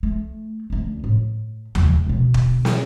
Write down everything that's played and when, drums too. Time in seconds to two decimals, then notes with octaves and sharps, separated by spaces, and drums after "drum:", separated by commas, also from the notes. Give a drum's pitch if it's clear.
0.03 A3
0.70 D2 C#4
1.04 A2
1.75 D#1 C#2, drum: tom D#2
2.06 B2 D3
2.34 drum: kick
2.65 drum: snare